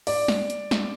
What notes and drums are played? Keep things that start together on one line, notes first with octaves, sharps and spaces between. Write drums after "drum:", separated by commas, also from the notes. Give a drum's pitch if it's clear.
D5, drum: open hi-hat
drum: snare
drum: hi-hat
drum: snare